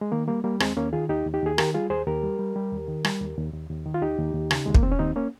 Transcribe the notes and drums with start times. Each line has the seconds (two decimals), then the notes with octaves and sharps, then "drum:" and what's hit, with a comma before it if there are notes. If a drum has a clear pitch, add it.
0.01 G#3
0.12 D#3 A#3
0.28 G3 A#3
0.44 G3 A#3
0.60 D#2 G#3 C4, drum: rim click
0.77 D#2 A#3 C#4
0.93 D#3 F4 G#4
1.09 D#2 D#4 G4
1.26 D#2
1.34 D#4 G4
1.42 D#2 G#4
1.58 D#3 G4 A#4, drum: rim click
1.74 G3 F4 G#4
1.90 D#2 G#4 C5
2.07 D#2 G4 A#4
2.23 G3
2.39 G3
2.56 G3
2.72 D#2
2.88 D#3
3.05 G3, drum: rim click
3.20 D#2
3.37 D#2
3.53 D#2
3.69 D#2
3.85 D#3
3.94 F4
4.02 D#2 D#4 G4
4.18 D#2
4.34 D#2
4.51 C#3, drum: rim click
4.66 D#2 G#3
4.75 A#3, drum: kick
4.83 D#2 C4
4.92 C#4
4.99 D#2 C4 D#4
5.16 A#3 C#4